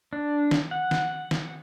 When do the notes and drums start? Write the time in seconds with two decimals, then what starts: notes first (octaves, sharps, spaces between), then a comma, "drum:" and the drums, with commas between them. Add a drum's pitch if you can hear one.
0.13 D4
0.51 drum: snare
0.71 F#5
0.91 drum: snare
1.31 drum: snare